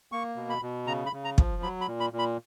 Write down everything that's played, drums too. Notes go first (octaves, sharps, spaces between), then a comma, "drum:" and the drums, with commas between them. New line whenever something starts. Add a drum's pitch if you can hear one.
A#3 C#6
B2
B5
B2
C#3 A#5
B5
C#3
A#5
F3, drum: kick
F#3 B5
B5
A#2
B5
A#2
B5